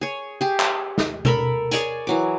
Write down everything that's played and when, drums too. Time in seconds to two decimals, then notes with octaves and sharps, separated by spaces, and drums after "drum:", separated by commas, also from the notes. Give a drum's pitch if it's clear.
0.01 G#4 C#5
0.41 G4 G#4
0.60 drum: clap
0.98 drum: snare
1.25 A4 A#4 B5, drum: tom B2
1.71 G#4 C#5 D5 G#5, drum: hi-hat
2.07 E3 F#3 D6